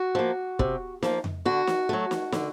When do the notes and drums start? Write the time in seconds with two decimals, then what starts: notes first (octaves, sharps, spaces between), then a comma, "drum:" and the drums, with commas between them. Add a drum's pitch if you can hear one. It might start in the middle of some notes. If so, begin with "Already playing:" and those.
Already playing: F#4
0.15 F3 A#3
0.59 C3, drum: kick
1.03 F3 A#3, drum: snare
1.24 drum: tom F2
1.45 D3 F#4
1.67 drum: snare
1.89 F#3 A3
2.11 drum: snare
2.32 D3, drum: snare